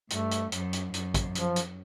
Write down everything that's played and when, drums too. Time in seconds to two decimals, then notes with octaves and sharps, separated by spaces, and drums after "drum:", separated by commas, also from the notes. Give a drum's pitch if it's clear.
0.10 G2 A3, drum: hi-hat
0.31 drum: hi-hat
0.52 F#2, drum: hi-hat
0.73 drum: hi-hat
0.94 F#2, drum: hi-hat
1.14 drum: kick, hi-hat
1.35 F3, drum: hi-hat
1.56 drum: hi-hat